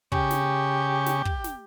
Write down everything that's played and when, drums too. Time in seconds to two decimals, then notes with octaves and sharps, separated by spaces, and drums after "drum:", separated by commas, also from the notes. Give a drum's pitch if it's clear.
0.12 C#3 G4 C#6, drum: kick
0.31 drum: snare
1.06 drum: snare
1.25 drum: kick
1.44 drum: snare